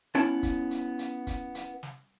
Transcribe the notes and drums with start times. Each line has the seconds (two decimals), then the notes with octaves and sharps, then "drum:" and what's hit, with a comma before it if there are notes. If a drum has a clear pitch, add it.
0.15 B3 C#4 E4 A5, drum: hi-hat
0.43 drum: kick, hi-hat
0.71 drum: hi-hat
0.99 drum: hi-hat
1.27 drum: kick, hi-hat
1.55 drum: hi-hat
1.83 drum: snare